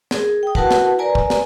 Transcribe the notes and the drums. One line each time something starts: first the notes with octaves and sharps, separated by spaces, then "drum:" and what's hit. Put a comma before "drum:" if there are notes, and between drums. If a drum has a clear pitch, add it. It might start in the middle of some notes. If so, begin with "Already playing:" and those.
G#4 A#4, drum: snare
G5 D#6
E4 F#4 A#4 B4 F#5 A5, drum: kick
drum: snare
A#4 B4 D5 G#5 A#5
drum: kick
drum: snare